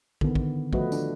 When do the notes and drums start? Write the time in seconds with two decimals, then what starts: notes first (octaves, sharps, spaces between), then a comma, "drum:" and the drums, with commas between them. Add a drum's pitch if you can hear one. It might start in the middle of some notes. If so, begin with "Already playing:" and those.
0.21 D3 D#3 B3, drum: kick
0.35 drum: kick
0.73 F3 A3 F#4 B4 D#5, drum: kick
0.92 D4, drum: tambourine